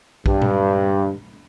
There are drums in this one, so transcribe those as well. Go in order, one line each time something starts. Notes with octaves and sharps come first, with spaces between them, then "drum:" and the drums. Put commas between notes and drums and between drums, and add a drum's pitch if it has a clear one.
G2, drum: kick A#1
drum: tom A#2